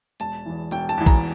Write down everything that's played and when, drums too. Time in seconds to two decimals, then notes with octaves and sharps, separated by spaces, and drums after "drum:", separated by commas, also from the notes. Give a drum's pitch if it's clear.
0.20 E1 A5, drum: hi-hat
0.46 E2 E3
0.71 E1 G5, drum: hi-hat
0.89 A5, drum: hi-hat
0.98 E2 E3
1.06 A#5, drum: kick, hi-hat